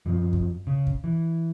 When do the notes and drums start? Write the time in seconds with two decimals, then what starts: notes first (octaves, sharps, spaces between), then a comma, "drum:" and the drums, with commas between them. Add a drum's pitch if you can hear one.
0.06 F#2 F3
0.33 drum: kick
0.67 C#3
0.87 drum: kick
1.04 E3